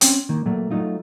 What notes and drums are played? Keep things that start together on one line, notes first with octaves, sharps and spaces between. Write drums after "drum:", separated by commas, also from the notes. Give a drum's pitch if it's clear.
C4 C#4 G5, drum: hi-hat
D#3 A#3
A#2 F#3 A3 A#3
F#3 A3 D#4 F4